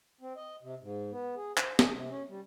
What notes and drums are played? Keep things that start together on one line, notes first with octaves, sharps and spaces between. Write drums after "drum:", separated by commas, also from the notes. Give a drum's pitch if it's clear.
C4
D#5
C3
G#2
B3
G#4
C5, drum: clap
G#4, drum: snare
C3
C#4
G3